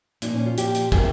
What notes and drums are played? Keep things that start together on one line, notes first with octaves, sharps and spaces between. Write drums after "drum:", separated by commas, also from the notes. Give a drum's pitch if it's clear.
A#2 F3 D#4, drum: hi-hat
C#4
F4
A#2 F3 G4, drum: hi-hat
drum: hi-hat
C3 D#3 G#4, drum: kick